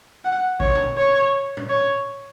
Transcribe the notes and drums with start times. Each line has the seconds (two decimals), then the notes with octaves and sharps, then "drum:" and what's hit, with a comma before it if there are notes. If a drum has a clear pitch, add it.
0.25 F#5
0.60 C#5, drum: kick G#1
0.75 drum: tom A2
0.97 C#5
1.57 drum: tom A2
1.70 C#5